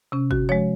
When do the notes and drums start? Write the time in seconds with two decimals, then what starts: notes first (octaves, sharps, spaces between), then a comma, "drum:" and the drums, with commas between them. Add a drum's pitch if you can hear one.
0.12 C3 C#4
0.31 F#4, drum: kick
0.49 F3 G#3 C#5